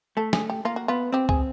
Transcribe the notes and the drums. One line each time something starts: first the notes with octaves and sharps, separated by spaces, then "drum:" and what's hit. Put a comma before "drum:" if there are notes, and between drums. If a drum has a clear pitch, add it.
A3 A4
G#4, drum: snare
G4
A#3 F4
F#4
B3 F4
C4 G4
G#4, drum: kick C#2